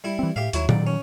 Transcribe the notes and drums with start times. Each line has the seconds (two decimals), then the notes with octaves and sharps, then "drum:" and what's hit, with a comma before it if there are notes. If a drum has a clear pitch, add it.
0.04 G3 E4
0.19 E3 C4
0.36 A2 G4 E5 F5
0.53 D#2 F#3 E4 F#4, drum: hi-hat
0.69 D#3 F#3 D5, drum: tom A#2
0.87 C#4